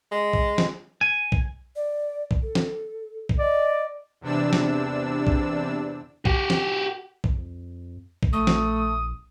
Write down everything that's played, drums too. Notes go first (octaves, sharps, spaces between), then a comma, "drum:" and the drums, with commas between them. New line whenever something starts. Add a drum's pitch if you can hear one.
G#3
drum: kick B1
drum: snare
G#5
drum: kick B1
D5
drum: kick B1
A4
drum: snare
drum: kick B1
D5 D#5
E2 C3 D4 E6
drum: snare
drum: kick B1
F#4 G4, drum: kick B1
drum: snare
drum: kick B1
F2
drum: kick B1
A#1 A3 D#6
drum: snare